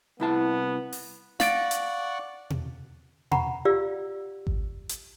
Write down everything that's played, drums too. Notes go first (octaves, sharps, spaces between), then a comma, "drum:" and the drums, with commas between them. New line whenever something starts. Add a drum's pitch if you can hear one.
C2 B3 E4 A5
drum: open hi-hat
D5 F5 F#5 C#6 A6 D7, drum: snare
drum: hi-hat
drum: tom B2
F#5 A#5 B5 C#6, drum: tom B2
F4 G4 D5 F5 E6
drum: kick G#1
drum: hi-hat